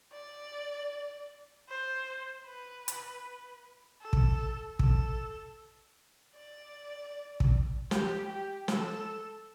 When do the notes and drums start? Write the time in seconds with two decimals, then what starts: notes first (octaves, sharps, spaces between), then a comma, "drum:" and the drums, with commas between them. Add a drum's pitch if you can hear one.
0.13 D5
1.69 C5
2.46 B4
2.88 drum: hi-hat
4.02 A4
4.13 drum: kick
4.79 A4, drum: kick
6.35 D5
7.40 drum: kick
7.91 G4, drum: snare
8.30 G4
8.68 A4, drum: snare